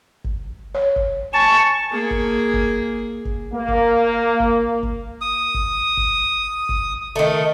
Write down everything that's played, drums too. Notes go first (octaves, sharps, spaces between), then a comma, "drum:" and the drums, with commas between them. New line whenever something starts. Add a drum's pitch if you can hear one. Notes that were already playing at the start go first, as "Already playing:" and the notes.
drum: kick G1
C#5
drum: kick G1
G#5 A5 C#6
A#3 G#4
drum: kick G1
drum: kick G1
drum: kick G1
A#3
drum: kick G1
drum: kick G1
drum: kick G1
D#6
drum: kick G1
drum: kick G1
drum: kick G1
D#3 A3